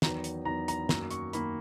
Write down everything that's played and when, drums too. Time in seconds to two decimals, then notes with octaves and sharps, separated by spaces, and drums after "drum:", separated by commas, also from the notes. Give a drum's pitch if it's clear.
0.02 E2 D#3 F#3 B3 A#5, drum: snare
0.24 drum: hi-hat
0.45 E2 D#3 F#3 B3 A#5
0.68 A#5, drum: hi-hat
0.89 F#2 D#3 A#3 A#5, drum: snare
1.11 C#6, drum: hi-hat
1.33 F#2 D#3 A#3 B5, drum: hi-hat